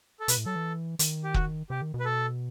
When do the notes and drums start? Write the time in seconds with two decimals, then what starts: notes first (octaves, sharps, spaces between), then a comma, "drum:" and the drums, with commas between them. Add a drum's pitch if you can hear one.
0.20 A4
0.28 B2 B4, drum: hi-hat
0.37 A2
0.46 F#3 A4
0.55 E3
0.99 D#3, drum: hi-hat
1.24 G4
1.34 F#4, drum: kick
1.70 C3 G4
1.82 D#3
1.94 B2
2.00 B4
2.05 A4